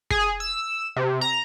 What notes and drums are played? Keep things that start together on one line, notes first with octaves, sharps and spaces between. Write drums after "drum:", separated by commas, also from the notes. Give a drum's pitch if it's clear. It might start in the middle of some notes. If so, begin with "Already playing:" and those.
G#4, drum: kick
E6
C3
A#5